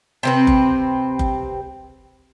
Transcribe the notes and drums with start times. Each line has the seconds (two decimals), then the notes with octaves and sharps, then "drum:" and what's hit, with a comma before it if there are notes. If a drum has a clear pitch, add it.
0.23 C3 C4 B4
0.47 drum: kick F#1
1.19 drum: kick F#1